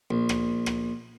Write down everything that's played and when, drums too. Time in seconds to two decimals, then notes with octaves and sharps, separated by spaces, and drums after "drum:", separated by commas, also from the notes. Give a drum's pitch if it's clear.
0.11 A#1
0.29 drum: rim click
0.66 drum: rim click